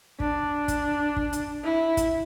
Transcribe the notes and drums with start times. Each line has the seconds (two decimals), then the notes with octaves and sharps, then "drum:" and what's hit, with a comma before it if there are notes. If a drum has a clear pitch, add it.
0.20 D4, drum: kick
0.68 drum: kick, hi-hat
1.16 drum: kick
1.33 drum: hi-hat
1.64 E4
1.97 drum: kick, hi-hat